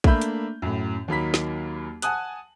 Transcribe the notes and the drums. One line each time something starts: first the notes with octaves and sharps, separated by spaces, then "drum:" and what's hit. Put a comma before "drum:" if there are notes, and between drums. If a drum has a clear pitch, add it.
A3 A#3 D4 E5 B5 G6, drum: kick
drum: hi-hat
F#2 A2
D#2 F#3 A#3 D#4 B5 B6
drum: snare
F#5 G#5 A5 D#6 F#6, drum: hi-hat